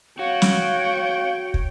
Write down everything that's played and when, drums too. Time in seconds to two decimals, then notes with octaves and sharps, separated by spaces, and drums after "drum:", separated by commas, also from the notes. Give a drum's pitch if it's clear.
0.19 F#4 C#5 F5 G5
0.42 drum: snare
1.54 drum: kick